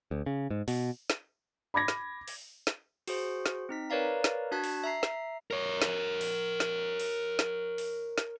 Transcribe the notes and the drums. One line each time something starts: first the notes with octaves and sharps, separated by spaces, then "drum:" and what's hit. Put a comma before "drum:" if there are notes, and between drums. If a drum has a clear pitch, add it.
D2
C#3
G#2
B2, drum: open hi-hat
drum: snare
B5 D6 G#6 A#6
drum: snare
drum: open hi-hat
drum: snare
F#4 G#4 C5, drum: open hi-hat
drum: snare
C4 D#4 B6
A#4 B4 C#5 D5 F5 A#5
drum: snare
D4 F#4 A5 F#6 G#6 B6
drum: open hi-hat
E5 A#5 C7
drum: snare
A#4 C#5
drum: snare
drum: open hi-hat
drum: snare
drum: open hi-hat
drum: snare
drum: open hi-hat
drum: snare